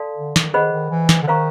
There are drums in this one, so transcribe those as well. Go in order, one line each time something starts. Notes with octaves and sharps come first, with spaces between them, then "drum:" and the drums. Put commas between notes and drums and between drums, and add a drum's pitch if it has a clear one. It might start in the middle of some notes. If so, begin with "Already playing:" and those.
Already playing: A4 D5 F5 A5 C6
D3
D#3, drum: snare
D#3 G#4 C5 D#5 F#5 B5
D#3
E3
drum: snare
D3
D#3 C5 F5 A#5 C#6